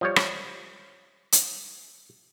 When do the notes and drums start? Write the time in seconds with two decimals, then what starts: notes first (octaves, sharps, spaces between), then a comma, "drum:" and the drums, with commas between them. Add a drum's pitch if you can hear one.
0.01 F3 G3 C#5
0.16 drum: rim click
1.32 drum: hi-hat